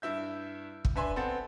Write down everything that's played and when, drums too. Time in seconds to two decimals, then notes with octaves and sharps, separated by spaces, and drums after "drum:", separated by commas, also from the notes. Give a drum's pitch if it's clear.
0.02 G2 E4 E5 G6
0.85 drum: kick
0.96 D4 B4 E5 G#5 C6
1.16 B3 C4 A4 F#5 A6